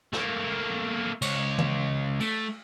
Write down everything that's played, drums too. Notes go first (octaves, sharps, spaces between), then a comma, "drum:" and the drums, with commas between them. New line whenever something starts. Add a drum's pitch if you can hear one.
A3 A#3, drum: snare
C#2 C#5, drum: cymbal
drum: tom
A3, drum: cymbal